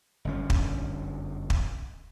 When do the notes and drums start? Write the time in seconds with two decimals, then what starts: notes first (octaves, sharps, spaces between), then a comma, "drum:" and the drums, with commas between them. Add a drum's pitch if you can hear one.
0.25 G1 F#2 C#4
0.50 drum: kick
1.50 drum: kick